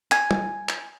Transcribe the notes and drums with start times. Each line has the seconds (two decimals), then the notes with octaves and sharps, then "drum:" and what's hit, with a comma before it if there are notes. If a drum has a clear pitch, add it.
0.12 G#5, drum: clap
0.31 drum: tom
0.69 drum: clap